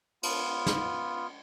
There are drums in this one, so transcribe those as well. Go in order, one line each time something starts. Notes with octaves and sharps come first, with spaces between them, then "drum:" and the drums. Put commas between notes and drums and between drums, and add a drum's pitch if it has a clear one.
B3 F4, drum: cymbal
drum: snare